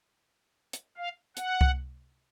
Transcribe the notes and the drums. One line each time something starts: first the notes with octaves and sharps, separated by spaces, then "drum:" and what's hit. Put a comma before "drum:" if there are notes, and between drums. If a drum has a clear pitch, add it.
drum: hi-hat
F5
F#5, drum: hi-hat
drum: kick C2